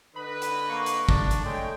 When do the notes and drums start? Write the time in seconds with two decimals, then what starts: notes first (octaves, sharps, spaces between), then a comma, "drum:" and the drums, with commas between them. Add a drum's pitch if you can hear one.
0.16 D3 B4 D#5 B5
0.42 drum: hi-hat
0.70 A#3 C#6
0.86 drum: hi-hat
1.09 D4, drum: kick
1.31 drum: hi-hat
1.46 G#3 A3 C#5 G5